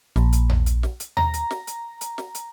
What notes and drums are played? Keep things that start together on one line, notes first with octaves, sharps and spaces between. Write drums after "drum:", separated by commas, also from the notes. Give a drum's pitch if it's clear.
A#1, drum: snare
drum: hi-hat
drum: tom D#2
drum: hi-hat
drum: snare
drum: hi-hat
A#5, drum: tom D#2
drum: hi-hat
drum: snare
drum: hi-hat
drum: hi-hat
drum: snare
drum: hi-hat